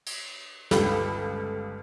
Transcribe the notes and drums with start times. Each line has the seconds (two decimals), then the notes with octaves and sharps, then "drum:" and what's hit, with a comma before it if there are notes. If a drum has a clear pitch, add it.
0.06 drum: cymbal
0.71 G1 C#2 G4 A4 B5, drum: snare